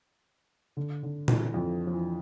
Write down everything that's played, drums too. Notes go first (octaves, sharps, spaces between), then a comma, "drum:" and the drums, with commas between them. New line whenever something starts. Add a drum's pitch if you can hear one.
D3
D3
E3, drum: tom A#2
F2 F3
F3
E3